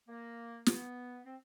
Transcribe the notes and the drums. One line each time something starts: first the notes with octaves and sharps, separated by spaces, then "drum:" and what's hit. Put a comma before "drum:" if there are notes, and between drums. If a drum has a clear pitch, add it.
A#3
B3, drum: snare
C4